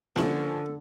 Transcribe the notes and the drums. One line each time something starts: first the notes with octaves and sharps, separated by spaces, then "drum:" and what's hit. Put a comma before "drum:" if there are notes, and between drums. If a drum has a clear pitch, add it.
G2 D3 F3 C#4 E4 A4, drum: snare A#3